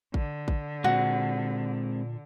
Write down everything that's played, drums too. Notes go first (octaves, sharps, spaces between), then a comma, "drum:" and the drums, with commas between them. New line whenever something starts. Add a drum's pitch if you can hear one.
D3, drum: kick A1
drum: kick A1
A#2 G#3 C4 F#4